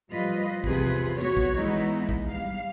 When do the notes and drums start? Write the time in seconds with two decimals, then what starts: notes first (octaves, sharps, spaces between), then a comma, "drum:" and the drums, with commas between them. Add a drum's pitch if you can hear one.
0.11 F3 G3 A3 F4 B4 D#5
0.64 E2 C3 F4 G#4 B4, drum: kick
1.19 B3 F#4 C#5
1.37 drum: kick
1.54 E3 G#3 B3 D#4 E4
2.09 drum: kick
2.29 G3 F5